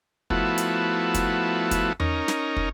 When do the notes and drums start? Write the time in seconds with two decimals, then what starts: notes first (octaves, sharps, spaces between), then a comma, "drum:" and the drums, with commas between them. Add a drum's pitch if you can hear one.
0.30 F3 A3 B3 E4 F#4, drum: kick
0.58 drum: hi-hat
1.14 drum: kick, hi-hat
1.71 drum: kick, hi-hat
2.00 C#4 D#4 A#4, drum: tom E2
2.28 drum: snare
2.56 drum: kick